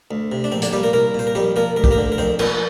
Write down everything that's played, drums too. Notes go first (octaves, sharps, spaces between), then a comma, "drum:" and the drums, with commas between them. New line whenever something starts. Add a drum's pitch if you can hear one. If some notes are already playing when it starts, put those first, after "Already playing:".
D2
C3
D4
A#1 C4
D3 D4, drum: hi-hat
A#2 G3 G4
A#3 A#4
C2 A#3 A#4
A#2 C5
A#4
F2 G3 G4
F3 A#3 A#4
D2 A#4
G4, drum: kick
A#3 A#4
D3
A#4
F2 C4 C5
F3 A#3 A#4, drum: cymbal